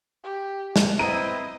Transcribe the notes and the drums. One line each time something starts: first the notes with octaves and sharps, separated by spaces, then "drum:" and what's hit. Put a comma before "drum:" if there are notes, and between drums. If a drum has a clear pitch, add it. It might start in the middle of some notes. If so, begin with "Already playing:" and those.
G4
drum: snare
B3 C4 E4 D#5 A#5 D#7